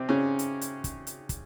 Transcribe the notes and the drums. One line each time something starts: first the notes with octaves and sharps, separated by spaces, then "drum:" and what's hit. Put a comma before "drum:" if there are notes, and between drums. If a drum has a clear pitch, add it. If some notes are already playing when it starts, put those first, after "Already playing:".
Already playing: C3 C4
C#3 C#4
drum: hi-hat
drum: hi-hat
drum: kick, hi-hat
drum: hi-hat
drum: kick, hi-hat